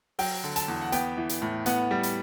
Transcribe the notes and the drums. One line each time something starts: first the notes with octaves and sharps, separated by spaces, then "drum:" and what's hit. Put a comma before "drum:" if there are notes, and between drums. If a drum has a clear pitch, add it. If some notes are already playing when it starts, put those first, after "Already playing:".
F#3 G5, drum: open hi-hat
D3
A5, drum: hi-hat
E2
F#5
B3 G5, drum: hi-hat
E3
drum: hi-hat
A2
B3 F#5, drum: hi-hat
G3
drum: hi-hat